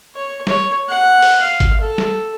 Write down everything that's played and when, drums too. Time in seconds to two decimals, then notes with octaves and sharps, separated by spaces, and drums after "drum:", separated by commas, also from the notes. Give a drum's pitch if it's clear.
0.16 C#5
0.47 C#5, drum: snare
0.89 F#5
1.22 drum: open hi-hat
1.41 F5
1.60 drum: kick G1, hi-hat
1.81 A4
1.98 drum: snare